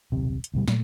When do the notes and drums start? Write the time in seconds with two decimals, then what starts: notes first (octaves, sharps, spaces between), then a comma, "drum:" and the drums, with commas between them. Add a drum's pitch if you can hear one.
0.12 D#1 B1 C3
0.44 drum: hi-hat
0.54 D2 B2 G3
0.68 A#2 A3, drum: snare